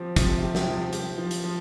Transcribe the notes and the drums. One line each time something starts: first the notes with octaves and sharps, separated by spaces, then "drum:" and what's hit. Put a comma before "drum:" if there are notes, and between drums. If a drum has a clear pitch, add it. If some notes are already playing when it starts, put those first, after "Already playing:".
Already playing: F3 C4 G4
C3 F3, drum: kick, hi-hat
G4
drum: snare
F3
G4, drum: hi-hat
F3
drum: hi-hat
F3